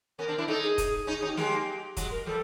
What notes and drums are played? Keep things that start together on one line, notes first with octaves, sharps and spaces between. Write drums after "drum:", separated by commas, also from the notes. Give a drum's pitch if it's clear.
B3 C#4 A#4
C4 D4
D4 E4
C#4 D#4 A4
G#4
drum: kick, hi-hat
C#4 D#4
G#4
C#4 D#4
G4
G#3 A#3 G4, drum: snare
F#3 G#3, drum: kick, hi-hat
A#4
F3 G3 A4